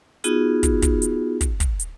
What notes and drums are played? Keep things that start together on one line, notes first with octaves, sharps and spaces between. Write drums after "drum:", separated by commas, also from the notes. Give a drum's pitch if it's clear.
B3 D#4 F4 F#4 G#4, drum: hi-hat
drum: kick, hi-hat
drum: kick, hi-hat
drum: hi-hat
drum: kick, hi-hat
drum: kick, hi-hat
drum: hi-hat